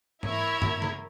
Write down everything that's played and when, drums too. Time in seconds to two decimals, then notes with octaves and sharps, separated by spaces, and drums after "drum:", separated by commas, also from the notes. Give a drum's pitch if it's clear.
0.23 E4 A#4 C#5 E5 G#6, drum: tom G#2
0.62 drum: tom
0.82 drum: snare